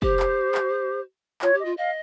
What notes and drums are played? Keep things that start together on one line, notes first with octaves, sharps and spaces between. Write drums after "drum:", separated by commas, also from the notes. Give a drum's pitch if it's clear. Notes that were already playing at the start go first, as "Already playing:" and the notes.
G4 C5, drum: kick
drum: clap
drum: clap
F4 C#5, drum: clap
G4
D#5
F4
D#5 F5